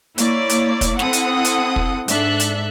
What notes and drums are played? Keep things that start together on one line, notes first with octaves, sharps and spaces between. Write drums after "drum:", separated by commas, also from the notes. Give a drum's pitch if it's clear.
A#3 E4 C#5 D5, drum: hi-hat
drum: hi-hat
drum: kick, hi-hat
C4 E4 A4 F#5 D#6, drum: snare
drum: hi-hat
drum: hi-hat
drum: kick
G#2 D4 A4 E5 F#6, drum: hi-hat
drum: hi-hat